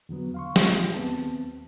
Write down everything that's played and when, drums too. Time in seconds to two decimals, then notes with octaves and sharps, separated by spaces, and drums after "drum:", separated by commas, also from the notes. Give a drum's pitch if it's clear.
0.09 E2 D3 F#3 B3
0.34 F5 C6 C#6
0.56 F4 G4 G#4, drum: snare
0.94 D#2 B3 C4 A5